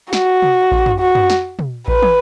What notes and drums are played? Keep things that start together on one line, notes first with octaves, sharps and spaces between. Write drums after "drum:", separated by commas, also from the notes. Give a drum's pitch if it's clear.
F#4, drum: snare
drum: tom
drum: kick A1
drum: tom
F#4
drum: tom
drum: snare
drum: tom
B4, drum: kick A1
drum: tom